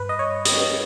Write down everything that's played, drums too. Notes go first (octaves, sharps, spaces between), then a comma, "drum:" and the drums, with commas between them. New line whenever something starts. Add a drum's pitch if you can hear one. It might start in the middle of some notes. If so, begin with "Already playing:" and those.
Already playing: G2 B4
D#5
C#5
D#5, drum: hi-hat